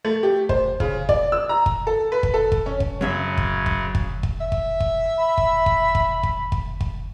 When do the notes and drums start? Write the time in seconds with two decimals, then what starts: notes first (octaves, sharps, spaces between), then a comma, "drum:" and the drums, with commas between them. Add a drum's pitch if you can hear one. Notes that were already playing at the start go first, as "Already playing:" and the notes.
0.05 A3
0.23 G4
0.49 C5, drum: kick
0.80 C#3, drum: kick
1.09 D5, drum: kick
1.32 E6
1.49 A#5
1.66 drum: kick
1.87 A4
2.12 B4
2.23 drum: kick
2.34 A4
2.52 drum: kick
2.66 C#4
2.80 drum: kick
3.01 F#2 C#3 F#3 C#4 E5
3.37 drum: kick
3.66 drum: kick
3.95 drum: kick
4.23 drum: kick
4.41 E5
4.52 drum: kick
4.80 drum: kick
5.18 B5
5.38 drum: kick
5.66 drum: kick
5.95 drum: kick
6.23 drum: kick
6.52 drum: kick
6.80 drum: kick